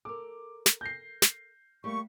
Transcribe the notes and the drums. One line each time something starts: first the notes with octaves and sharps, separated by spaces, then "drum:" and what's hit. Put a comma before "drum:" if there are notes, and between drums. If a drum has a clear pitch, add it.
A4 A#4 D6
drum: snare
G6 A#6 C7
drum: snare
G3 A3 A#3 C#6